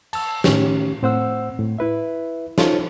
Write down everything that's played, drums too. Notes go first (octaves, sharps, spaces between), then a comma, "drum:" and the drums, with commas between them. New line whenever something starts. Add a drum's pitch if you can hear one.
A5 E6, drum: cymbal
A2 D#3 C#4 G4, drum: snare
A2 C4 C5 F#5 E6
A2
E4 B4 E5
D#4 F4 A4 C5 C#5, drum: snare